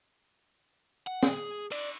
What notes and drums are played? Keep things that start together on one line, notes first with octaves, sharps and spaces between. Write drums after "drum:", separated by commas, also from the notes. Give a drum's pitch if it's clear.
F#5
G#4, drum: snare
D5, drum: cymbal